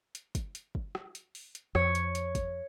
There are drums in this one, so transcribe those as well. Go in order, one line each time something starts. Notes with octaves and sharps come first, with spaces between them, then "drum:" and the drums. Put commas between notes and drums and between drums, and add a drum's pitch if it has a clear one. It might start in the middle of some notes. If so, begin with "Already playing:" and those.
drum: hi-hat
drum: kick, hi-hat
drum: hi-hat
drum: kick
drum: rim click
drum: hi-hat
drum: open hi-hat
drum: hi-hat
F2 C#5, drum: rim click
drum: hi-hat
drum: hi-hat
drum: kick, hi-hat